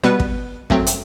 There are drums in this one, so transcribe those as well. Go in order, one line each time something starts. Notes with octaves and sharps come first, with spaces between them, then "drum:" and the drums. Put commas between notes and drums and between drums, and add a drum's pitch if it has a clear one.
B2 G3 B3 B4
drum: kick
F#2 F#3 A3 C4, drum: kick
drum: hi-hat